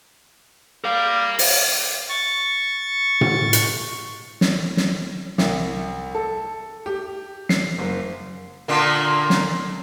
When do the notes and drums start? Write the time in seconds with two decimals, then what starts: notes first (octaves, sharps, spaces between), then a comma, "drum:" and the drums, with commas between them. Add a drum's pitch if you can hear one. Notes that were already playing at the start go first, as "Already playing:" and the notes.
0.84 G3 A#4 F5
1.39 drum: open hi-hat
2.09 C#6 A6
3.21 drum: tom A2
3.53 drum: hi-hat
4.41 drum: snare
4.77 drum: snare
5.38 C2, drum: snare
6.15 A4
6.86 G4
7.49 C7, drum: snare
7.78 F#1
8.68 A#2 D3 A#3
9.30 drum: snare